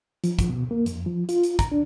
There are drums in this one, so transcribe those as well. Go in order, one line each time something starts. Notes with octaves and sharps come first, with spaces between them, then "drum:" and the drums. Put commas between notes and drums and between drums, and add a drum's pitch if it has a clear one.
F3, drum: hi-hat
drum: kick, hi-hat
B2
A#3
F2, drum: hi-hat
F3
F4, drum: hi-hat
drum: hi-hat
A#5, drum: kick, hi-hat
D4